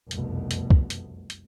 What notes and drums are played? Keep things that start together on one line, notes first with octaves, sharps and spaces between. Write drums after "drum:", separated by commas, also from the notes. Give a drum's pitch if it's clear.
F1 C2 F#2 B2 A3, drum: hi-hat
drum: hi-hat
drum: kick
drum: hi-hat
drum: hi-hat